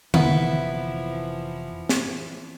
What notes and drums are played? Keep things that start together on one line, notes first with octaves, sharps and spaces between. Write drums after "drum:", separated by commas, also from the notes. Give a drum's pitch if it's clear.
F1 C3 E3 F3 B3 E4, drum: tom D3
drum: snare